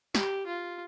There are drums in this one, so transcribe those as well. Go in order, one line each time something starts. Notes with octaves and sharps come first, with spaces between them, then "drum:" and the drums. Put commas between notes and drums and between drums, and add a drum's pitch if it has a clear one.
G4, drum: snare
F4